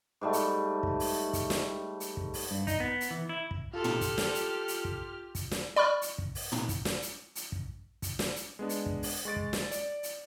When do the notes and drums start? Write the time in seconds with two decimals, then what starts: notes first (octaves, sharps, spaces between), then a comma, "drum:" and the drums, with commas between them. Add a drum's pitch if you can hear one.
0.21 G#2 G3 A3
0.33 drum: hi-hat
0.83 drum: kick
1.00 drum: open hi-hat
1.33 drum: kick, hi-hat
1.50 drum: snare
2.00 drum: hi-hat
2.17 drum: kick
2.34 drum: open hi-hat
2.51 G2
2.67 D#4, drum: kick, hi-hat
2.80 B3
3.01 drum: hi-hat
3.11 E3
3.29 E4
3.51 drum: kick
3.73 F4 G4 A4 C6 F6
3.84 drum: tom
4.01 drum: kick, hi-hat
4.18 drum: snare
4.34 drum: hi-hat
4.68 drum: hi-hat
4.85 drum: kick
5.35 drum: kick, hi-hat
5.51 drum: snare
5.76 D5 B5 C#6 F6
6.02 drum: hi-hat
6.18 drum: kick
6.35 drum: open hi-hat
6.52 drum: tom
6.69 drum: kick, hi-hat
6.85 drum: snare
7.02 drum: hi-hat
7.35 drum: hi-hat
7.52 drum: kick
8.02 drum: kick, hi-hat
8.19 drum: snare
8.36 drum: hi-hat
8.59 G#3 B3 D4
8.69 drum: hi-hat
8.86 drum: kick
9.03 drum: open hi-hat
9.25 G#3 C#6 A6 D7
9.36 drum: kick
9.53 drum: snare
9.71 D5, drum: hi-hat
10.03 drum: hi-hat